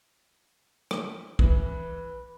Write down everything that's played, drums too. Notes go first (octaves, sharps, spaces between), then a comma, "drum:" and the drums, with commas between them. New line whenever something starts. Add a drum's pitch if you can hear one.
drum: rim click
E3 B4, drum: kick